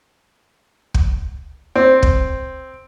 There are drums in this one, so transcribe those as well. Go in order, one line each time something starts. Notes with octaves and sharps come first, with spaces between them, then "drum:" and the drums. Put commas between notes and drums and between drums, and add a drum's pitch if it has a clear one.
drum: kick
C4
drum: kick